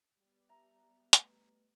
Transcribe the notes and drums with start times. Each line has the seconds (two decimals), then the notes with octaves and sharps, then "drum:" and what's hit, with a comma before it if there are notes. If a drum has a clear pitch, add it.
0.18 G3 B3
0.49 E5 A#5
1.13 A3 B4, drum: hi-hat